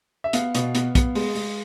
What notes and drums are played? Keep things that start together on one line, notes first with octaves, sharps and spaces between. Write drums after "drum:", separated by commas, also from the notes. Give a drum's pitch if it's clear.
E5
B3 F5, drum: hi-hat
B2, drum: hi-hat
B3, drum: hi-hat
B3, drum: kick, hi-hat
G#3, drum: open hi-hat
G#3, drum: open hi-hat